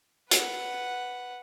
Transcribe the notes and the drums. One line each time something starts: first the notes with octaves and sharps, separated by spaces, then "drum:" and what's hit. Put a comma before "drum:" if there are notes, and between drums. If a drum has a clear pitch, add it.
B4 F#5, drum: hi-hat